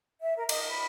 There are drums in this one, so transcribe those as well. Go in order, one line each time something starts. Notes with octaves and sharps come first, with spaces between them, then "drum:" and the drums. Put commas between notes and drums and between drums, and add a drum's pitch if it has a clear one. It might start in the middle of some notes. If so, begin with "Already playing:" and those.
E5
A#4
D#5, drum: cymbal
B5